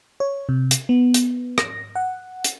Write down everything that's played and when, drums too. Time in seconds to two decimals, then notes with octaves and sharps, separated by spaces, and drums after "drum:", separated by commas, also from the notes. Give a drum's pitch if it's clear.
0.20 C#5
0.49 C3
0.71 drum: hi-hat
0.89 B3
1.14 drum: hi-hat
1.58 A#6, drum: rim click
1.96 F#5
2.44 drum: hi-hat